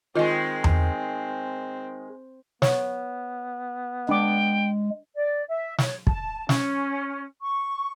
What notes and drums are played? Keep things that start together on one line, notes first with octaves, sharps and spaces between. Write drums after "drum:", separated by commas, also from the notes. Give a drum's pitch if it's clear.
D#3 G#3 C4 F4 D#5
drum: tom E2
B3 C#5, drum: snare
G#3 D4 G5 D6
D5
E5
C#5, drum: snare
A5, drum: kick
C#4, drum: snare
C#6